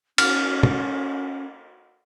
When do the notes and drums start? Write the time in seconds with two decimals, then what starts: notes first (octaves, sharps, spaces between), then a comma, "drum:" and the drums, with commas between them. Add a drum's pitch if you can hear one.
0.18 C#4 F6, drum: cymbal
0.63 drum: tom